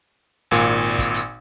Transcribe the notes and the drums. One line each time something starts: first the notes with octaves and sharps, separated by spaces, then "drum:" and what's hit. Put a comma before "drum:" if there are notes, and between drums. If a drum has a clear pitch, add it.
G#1 A#2, drum: hi-hat
drum: kick, hi-hat
drum: hi-hat